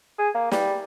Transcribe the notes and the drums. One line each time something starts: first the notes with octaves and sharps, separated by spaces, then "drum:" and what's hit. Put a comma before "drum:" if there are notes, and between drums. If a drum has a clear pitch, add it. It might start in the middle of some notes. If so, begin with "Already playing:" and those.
G#4
A#3
G3, drum: snare